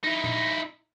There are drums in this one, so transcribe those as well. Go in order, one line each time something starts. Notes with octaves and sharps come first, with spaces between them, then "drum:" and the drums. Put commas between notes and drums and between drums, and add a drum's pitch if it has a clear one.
D#4 E4
drum: tom A#2